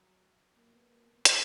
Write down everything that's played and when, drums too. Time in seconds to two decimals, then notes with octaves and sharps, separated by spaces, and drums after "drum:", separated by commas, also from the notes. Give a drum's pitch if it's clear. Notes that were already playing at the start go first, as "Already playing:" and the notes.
Already playing: F#3
0.56 A#3
0.73 B3
0.91 A#3
1.02 B3
1.13 B3
1.25 A#3, drum: hi-hat